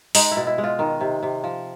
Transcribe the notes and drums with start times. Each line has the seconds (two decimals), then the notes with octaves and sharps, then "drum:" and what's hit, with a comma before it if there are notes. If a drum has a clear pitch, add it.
0.15 G#3 D#4, drum: open hi-hat
0.31 E4
0.37 B2
0.47 E4
0.58 G#3
0.64 F4
0.79 D#3
1.01 C3
1.23 C3
1.44 F3